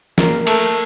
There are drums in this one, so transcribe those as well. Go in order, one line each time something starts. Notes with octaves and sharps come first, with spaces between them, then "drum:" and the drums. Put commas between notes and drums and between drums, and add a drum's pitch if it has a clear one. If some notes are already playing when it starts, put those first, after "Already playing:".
A#3 A#4, drum: snare
A3 A#4, drum: cymbal